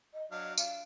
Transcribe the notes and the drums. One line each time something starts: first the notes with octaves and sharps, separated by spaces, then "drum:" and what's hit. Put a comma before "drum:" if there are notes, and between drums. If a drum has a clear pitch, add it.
D#5
F#3 D4 D#5 F5
D4 F5, drum: tambourine